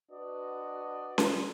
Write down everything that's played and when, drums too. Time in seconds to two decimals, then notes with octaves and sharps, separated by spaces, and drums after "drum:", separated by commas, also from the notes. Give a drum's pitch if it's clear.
0.11 D4 F#4 B4 D5 D#5
1.18 drum: snare C#4